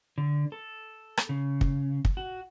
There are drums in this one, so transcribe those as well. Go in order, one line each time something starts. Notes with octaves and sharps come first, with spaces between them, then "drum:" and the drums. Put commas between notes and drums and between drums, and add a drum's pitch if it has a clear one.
D3
A4
drum: rim click
C#3
drum: kick
drum: kick
F#4